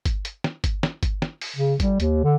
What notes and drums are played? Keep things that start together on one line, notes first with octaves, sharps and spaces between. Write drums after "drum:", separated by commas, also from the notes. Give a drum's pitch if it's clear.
drum: kick G1, hi-hat
drum: hi-hat
drum: snare
drum: kick G1, hi-hat
drum: snare
drum: kick G1, hi-hat
drum: snare
drum: open hi-hat
C#3
G3, drum: kick G1, hi-hat
D#2, drum: hi-hat
D3